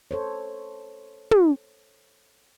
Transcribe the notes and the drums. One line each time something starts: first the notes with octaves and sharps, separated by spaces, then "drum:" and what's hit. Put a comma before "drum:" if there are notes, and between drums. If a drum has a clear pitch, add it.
A4 C5 C#5
drum: tom